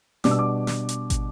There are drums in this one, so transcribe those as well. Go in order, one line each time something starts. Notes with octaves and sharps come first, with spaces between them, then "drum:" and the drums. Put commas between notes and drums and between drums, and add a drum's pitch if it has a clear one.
B2 G3 B3 D4 D6, drum: snare
E6
D6
drum: snare
drum: hi-hat
drum: kick, hi-hat